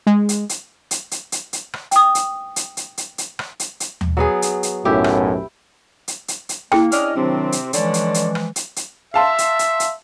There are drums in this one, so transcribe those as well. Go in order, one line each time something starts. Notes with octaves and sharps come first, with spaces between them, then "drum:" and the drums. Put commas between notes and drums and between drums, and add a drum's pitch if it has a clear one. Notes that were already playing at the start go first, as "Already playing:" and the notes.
G#3
drum: hi-hat
drum: hi-hat
drum: hi-hat
drum: hi-hat
drum: hi-hat
drum: hi-hat
drum: rim click
G5 D#6, drum: hi-hat
drum: hi-hat
drum: hi-hat
drum: hi-hat
drum: hi-hat
drum: hi-hat
drum: rim click
drum: hi-hat
drum: hi-hat
drum: tom D#2
F#3 B3 G#4
drum: hi-hat
drum: hi-hat
B1 F#2 A2 E4 G4
drum: rim click
drum: hi-hat
drum: hi-hat
drum: hi-hat
A#3 E4 G#4 G5, drum: rim click
C#4 D4 D#5 F6, drum: hi-hat
C3 D#3 F#3 C4 D4
drum: hi-hat
D3 E3 F3 G#3 C#4 D5, drum: hi-hat
drum: hi-hat
drum: hi-hat
drum: rim click
drum: hi-hat
drum: hi-hat
E5 F5 A5 C6
drum: hi-hat
drum: hi-hat
drum: hi-hat